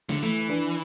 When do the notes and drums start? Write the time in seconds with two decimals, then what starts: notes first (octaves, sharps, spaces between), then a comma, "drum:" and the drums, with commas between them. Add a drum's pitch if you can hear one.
0.09 D3, drum: snare
0.22 E3 A3
0.49 D4 B4